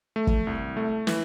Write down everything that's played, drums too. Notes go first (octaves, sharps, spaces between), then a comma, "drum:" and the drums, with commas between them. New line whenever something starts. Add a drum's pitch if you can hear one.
A3
drum: kick
C2
A3
E3, drum: snare